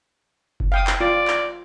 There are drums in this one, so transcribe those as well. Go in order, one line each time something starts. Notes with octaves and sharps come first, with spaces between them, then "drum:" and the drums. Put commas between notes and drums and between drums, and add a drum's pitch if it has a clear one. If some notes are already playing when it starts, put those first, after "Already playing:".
drum: kick F#1
F5 G5 D#6
drum: clap
F4 D5
drum: clap